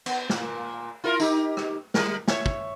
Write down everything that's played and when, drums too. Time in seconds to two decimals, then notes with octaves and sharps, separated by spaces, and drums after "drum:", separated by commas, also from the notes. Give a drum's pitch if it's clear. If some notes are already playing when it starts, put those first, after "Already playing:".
0.06 B3, drum: cymbal
0.29 A#2 A#3, drum: snare
1.04 E4 F4 A#4
1.20 D#4 G4, drum: tambourine
1.57 drum: rim click
1.94 G3 A#4, drum: snare
2.28 C#5 E5, drum: snare
2.46 drum: kick